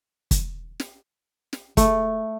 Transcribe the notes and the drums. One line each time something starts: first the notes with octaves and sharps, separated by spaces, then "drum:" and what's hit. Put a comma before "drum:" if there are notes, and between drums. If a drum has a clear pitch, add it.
drum: kick, hi-hat
drum: snare
drum: snare
A3, drum: kick, hi-hat